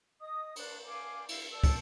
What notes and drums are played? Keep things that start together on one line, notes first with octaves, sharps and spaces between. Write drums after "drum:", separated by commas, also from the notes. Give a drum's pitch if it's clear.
D#5 D#6
D4, drum: cymbal
F5 G#5 D6
E4 F5, drum: cymbal
D5 A5 E6
drum: kick, cymbal